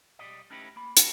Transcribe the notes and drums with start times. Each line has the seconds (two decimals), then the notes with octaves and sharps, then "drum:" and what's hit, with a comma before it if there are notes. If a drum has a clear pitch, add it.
0.19 B1 A#2 G3 D5 D#5
0.50 A3 C#4 D#4 E4 G4 B4
0.76 A#3 B5
0.97 C#4 F4 F#4 A4 C#5 F5, drum: hi-hat